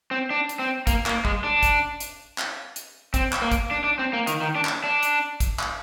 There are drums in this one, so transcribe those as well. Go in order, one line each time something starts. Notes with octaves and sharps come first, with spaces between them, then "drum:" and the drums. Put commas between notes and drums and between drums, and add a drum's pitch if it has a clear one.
C4
D4
drum: hi-hat
C4
A#3, drum: kick, hi-hat
A#3, drum: clap
G#3, drum: kick
D4
drum: kick, hi-hat
drum: hi-hat
drum: clap
drum: hi-hat
C4, drum: kick, hi-hat
drum: clap
A#3
drum: kick, hi-hat
D4
D4
C4
A#3
D#3, drum: hi-hat
D#3
D4
drum: clap
D4
drum: hi-hat
drum: kick, hi-hat
drum: clap